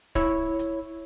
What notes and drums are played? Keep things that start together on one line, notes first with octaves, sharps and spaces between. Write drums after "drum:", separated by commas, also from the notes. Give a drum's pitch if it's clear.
E4 C#5, drum: kick C#1
drum: hi-hat